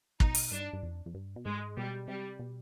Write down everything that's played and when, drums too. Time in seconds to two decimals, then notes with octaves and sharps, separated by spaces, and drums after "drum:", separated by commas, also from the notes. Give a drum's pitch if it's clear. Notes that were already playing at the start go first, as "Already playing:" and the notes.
0.20 B2 D#4, drum: kick
0.35 drum: open hi-hat
0.52 G2 D4
0.73 G2
0.83 F2
1.06 F2
1.14 G2
1.36 B2
1.45 G#2 G#3
1.77 B2 G3
2.08 C3 G3
2.39 B2